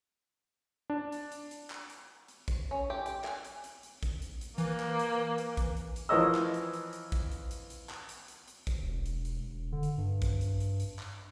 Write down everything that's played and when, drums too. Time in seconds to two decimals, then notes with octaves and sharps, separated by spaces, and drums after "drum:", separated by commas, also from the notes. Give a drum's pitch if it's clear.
0.90 D4
1.12 drum: hi-hat
1.32 drum: hi-hat
1.51 drum: hi-hat
1.70 drum: clap
1.90 drum: hi-hat
2.28 drum: hi-hat
2.48 drum: kick A1, hi-hat
2.71 C#4
2.90 G4
3.06 G4, drum: hi-hat
3.24 G#5, drum: clap
3.45 drum: hi-hat
3.64 drum: hi-hat
3.83 drum: hi-hat
4.03 drum: kick A1, hi-hat
4.22 drum: hi-hat
4.41 drum: hi-hat
4.58 E3 A#3, drum: hi-hat
4.80 drum: clap
4.99 drum: hi-hat
5.38 drum: hi-hat
5.57 drum: kick A1, hi-hat
5.77 drum: hi-hat
5.96 drum: hi-hat
6.09 E3 F3 A#4 C#5 D#5 E6
6.35 drum: clap
6.54 drum: hi-hat
6.73 drum: hi-hat
6.93 drum: hi-hat
7.12 drum: kick A1, hi-hat
7.31 drum: hi-hat
7.51 drum: hi-hat
7.70 drum: hi-hat
7.90 drum: clap
8.09 drum: hi-hat
8.28 drum: hi-hat
8.48 drum: hi-hat
8.67 drum: kick A1, hi-hat
8.82 E1
9.06 drum: hi-hat
9.25 drum: hi-hat
9.40 E1
9.72 D3
9.83 drum: hi-hat
9.98 G2
10.22 drum: kick A1, hi-hat
10.41 drum: hi-hat
10.60 drum: hi-hat
10.80 drum: hi-hat
10.99 drum: clap